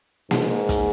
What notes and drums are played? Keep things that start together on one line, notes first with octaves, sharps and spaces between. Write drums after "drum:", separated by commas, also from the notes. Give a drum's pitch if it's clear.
G#2, drum: snare A#3
drum: kick, hi-hat